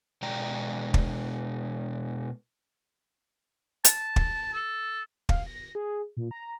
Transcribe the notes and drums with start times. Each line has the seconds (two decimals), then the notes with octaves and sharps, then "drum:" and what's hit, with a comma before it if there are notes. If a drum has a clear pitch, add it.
0.22 B2 G#3 D5 G5 A#5
0.94 drum: kick
3.84 A5, drum: hi-hat
4.16 drum: kick
4.53 A4
5.29 F5, drum: kick
5.46 A#6
5.75 G#4
6.17 A#2
6.31 A#5